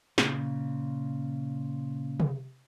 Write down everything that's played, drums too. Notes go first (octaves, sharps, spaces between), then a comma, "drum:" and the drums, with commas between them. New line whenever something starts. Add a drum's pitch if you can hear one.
A#2 C#3, drum: snare
drum: tom C3